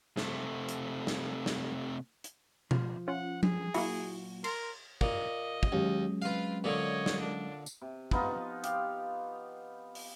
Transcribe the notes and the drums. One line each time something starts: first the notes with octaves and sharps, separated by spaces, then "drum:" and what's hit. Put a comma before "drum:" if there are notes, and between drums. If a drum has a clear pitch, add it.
C3 A3, drum: snare
drum: hi-hat
drum: snare
drum: snare
drum: hi-hat
F3, drum: tom B2
C#4 F4 F#5
G#4, drum: tom F3
A#2 F#3 A#3 E4 F#4, drum: open hi-hat
A#4 C6, drum: cymbal
A#2 A#4 D#5, drum: kick
drum: kick
D#2 F#3 G#3 C#4
C4 F4 B4 F5
A#2 D3 C#5 D#5
drum: snare
D4
drum: tambourine
C3
F3 B3 D#4 F4, drum: kick
G4 F5, drum: hi-hat
drum: open hi-hat